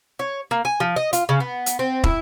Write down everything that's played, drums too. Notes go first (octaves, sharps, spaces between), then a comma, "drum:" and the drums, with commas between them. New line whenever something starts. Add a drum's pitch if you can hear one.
C#5
A#3
G#5
F3
D#5
F4, drum: hi-hat
C#3
B3
drum: hi-hat
C4
E4, drum: kick